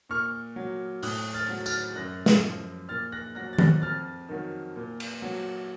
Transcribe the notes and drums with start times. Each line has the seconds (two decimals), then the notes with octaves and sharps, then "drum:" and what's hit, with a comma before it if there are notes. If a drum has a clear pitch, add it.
0.10 A#2 C#6 F6
0.56 F#3
1.03 A2 D#6 F#6, drum: open hi-hat
1.34 F6 A6
1.49 F#3
1.66 F6 A6, drum: tambourine
1.96 F#2 F#6 A#6
2.26 drum: snare
2.43 F3
2.89 A#2 F6 A6
3.12 F#6 A#6
3.35 F#3 F#6 A#6
3.53 A6
3.59 F#6 A#6, drum: tom D#3
3.82 F2 F6 A6
4.29 D#3 F#3
4.76 A#2
5.00 drum: cymbal
5.22 F#3